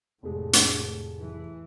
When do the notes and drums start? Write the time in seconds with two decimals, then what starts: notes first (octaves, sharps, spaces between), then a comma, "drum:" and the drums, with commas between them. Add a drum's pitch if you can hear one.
0.23 F1 A2 G#3
0.53 drum: hi-hat
1.19 E3